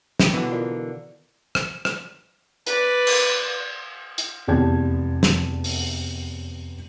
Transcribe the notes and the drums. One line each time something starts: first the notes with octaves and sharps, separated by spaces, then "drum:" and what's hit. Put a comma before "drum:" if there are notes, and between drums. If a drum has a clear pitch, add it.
G4, drum: snare
B2 D3 E3 B4 F#5
F4 A#4 D5
drum: rim click
drum: rim click
B4 D5, drum: hi-hat
drum: cymbal
drum: hi-hat
F1 E2 G4 D5 A5 G#6
drum: snare
drum: open hi-hat